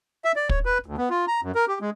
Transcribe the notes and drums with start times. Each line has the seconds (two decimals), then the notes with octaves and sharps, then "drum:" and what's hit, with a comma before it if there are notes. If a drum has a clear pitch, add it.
0.25 E5
0.36 D5
0.49 C#5, drum: kick
0.65 B4
0.86 D2
0.98 B3
1.10 F4
1.28 A#5
1.43 F#2
1.55 A#4
1.68 G4
1.81 G#3